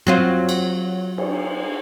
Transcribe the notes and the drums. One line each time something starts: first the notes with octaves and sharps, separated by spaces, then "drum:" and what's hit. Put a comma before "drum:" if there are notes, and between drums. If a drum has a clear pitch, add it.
F#3 C4 F4
drum: tom F#2
drum: cymbal
drum: cymbal